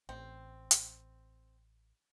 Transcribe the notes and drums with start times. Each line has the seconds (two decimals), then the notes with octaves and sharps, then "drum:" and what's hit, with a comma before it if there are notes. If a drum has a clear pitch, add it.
0.09 A1 C4
0.71 drum: hi-hat